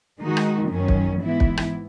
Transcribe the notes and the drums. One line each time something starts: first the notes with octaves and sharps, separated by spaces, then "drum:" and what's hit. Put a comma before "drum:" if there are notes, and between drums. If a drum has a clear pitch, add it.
D#3 G#3 D#4 F#4
drum: rim click
F#2 D#3 F#3 C#4
drum: kick
G#2 E3 B3 E4
drum: kick
drum: rim click